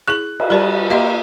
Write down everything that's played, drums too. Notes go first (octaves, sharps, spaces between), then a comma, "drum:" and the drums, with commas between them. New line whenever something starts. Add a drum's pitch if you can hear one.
E4 G#4 C#6 F#6 F#7
drum: cymbal
G3 A#4 D5 A5
A#3 G4 D#5 E5 C6